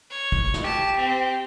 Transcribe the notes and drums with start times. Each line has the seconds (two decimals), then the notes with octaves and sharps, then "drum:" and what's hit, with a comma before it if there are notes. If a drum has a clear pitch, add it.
0.11 C#5
0.32 drum: kick
0.54 drum: snare
0.64 G4 A5
0.97 C4